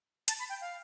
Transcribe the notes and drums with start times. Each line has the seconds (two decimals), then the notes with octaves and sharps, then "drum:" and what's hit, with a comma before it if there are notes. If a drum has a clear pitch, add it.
0.28 A5, drum: hi-hat
0.39 B5
0.49 G5
0.61 F5